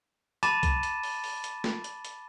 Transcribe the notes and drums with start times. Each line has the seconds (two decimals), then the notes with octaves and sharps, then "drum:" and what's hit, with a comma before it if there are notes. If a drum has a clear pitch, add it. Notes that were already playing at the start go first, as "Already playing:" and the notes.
0.43 A5 B5 D6 A6 D#7 E7, drum: hi-hat
0.63 drum: kick C2, hi-hat
0.83 drum: hi-hat
1.03 drum: open hi-hat
1.24 drum: open hi-hat
1.44 drum: hi-hat
1.64 drum: snare
1.84 drum: hi-hat
2.05 drum: hi-hat